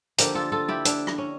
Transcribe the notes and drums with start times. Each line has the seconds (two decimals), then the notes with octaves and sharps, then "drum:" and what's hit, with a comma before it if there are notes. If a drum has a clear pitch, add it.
0.18 D3 F3 A#3 G4 A#4, drum: hi-hat
0.35 F4 A4
0.52 F4 A4
0.68 E4 G4
0.85 D4, drum: hi-hat
1.07 drum: rim click
1.18 C#4